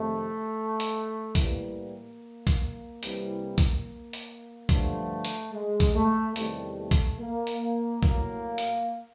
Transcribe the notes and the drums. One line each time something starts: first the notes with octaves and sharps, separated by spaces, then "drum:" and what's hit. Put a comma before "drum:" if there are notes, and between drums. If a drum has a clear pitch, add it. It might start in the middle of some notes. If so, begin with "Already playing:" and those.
Already playing: F2 C3 D#3 A3
drum: hi-hat
A2 E3 G3 A#3, drum: kick A#1, hi-hat
drum: kick A#1, hi-hat
C2 C3 E3 G3, drum: hi-hat
drum: kick A#1, hi-hat
drum: hi-hat
G2 D3 F3 A3, drum: kick A#1, hi-hat
drum: hi-hat
G#3
drum: kick A#1, hi-hat
A3
E2 C3 D#3 G3 A3, drum: hi-hat
A3
drum: kick A#1, hi-hat
A#3
drum: hi-hat
A2 F#3 A#3, drum: kick A#1
drum: hi-hat